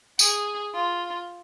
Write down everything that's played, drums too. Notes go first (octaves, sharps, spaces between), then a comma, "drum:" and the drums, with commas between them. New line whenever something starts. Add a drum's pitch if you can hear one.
G#4, drum: tambourine
F4